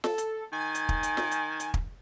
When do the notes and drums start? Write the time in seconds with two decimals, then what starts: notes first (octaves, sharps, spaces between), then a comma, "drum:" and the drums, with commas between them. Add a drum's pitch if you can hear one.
0.04 A4, drum: snare
0.18 drum: hi-hat
0.53 D#3 G#5
0.75 drum: hi-hat
0.89 drum: kick
1.03 drum: hi-hat
1.17 drum: snare
1.31 drum: hi-hat
1.60 drum: hi-hat
1.74 drum: kick